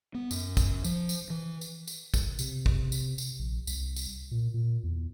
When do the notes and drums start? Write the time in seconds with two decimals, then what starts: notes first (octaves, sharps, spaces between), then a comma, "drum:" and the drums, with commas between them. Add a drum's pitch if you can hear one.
0.14 B3
0.31 F#2, drum: tambourine
0.57 drum: kick, tambourine
0.84 F3, drum: tambourine
1.09 drum: tambourine
1.30 E3
1.61 drum: tambourine
1.87 drum: tambourine
2.14 drum: kick, tambourine
2.39 C3, drum: tambourine
2.66 drum: kick
2.92 drum: tambourine
3.18 drum: tambourine
3.39 A#1
3.67 C2, drum: tambourine
3.96 drum: tambourine
4.31 A#2
4.54 A#2
4.83 E2